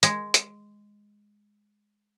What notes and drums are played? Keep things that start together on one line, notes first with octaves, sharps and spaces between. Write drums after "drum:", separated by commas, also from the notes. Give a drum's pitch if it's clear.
G#3, drum: hi-hat
drum: hi-hat